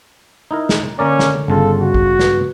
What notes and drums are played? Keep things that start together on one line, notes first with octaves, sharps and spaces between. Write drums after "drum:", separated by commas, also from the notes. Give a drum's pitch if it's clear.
D#4 E4 A#4
drum: snare
D3 A#3 C#4 A#4 D5
drum: snare
G1 C#3 F4 A4
F#4
drum: kick A1
B4, drum: snare